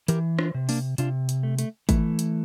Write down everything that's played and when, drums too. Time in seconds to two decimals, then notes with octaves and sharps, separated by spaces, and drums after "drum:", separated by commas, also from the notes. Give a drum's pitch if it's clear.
0.08 E3 G4 A#4, drum: hi-hat
0.39 D4 F4, drum: rim click
0.54 C3
0.69 A#3 D4, drum: open hi-hat
0.98 C3 D4 F4, drum: hi-hat
1.29 drum: hi-hat
1.43 A3
1.59 A3, drum: hi-hat
1.89 E3 A3, drum: kick G#1, hi-hat
2.19 drum: hi-hat